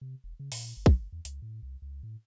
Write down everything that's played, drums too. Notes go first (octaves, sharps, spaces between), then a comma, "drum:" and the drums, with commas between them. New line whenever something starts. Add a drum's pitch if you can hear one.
C3
E1
C#3
A#2, drum: open hi-hat
G1
drum: kick
E2
C#2, drum: hi-hat
A2
C2
C#2
A2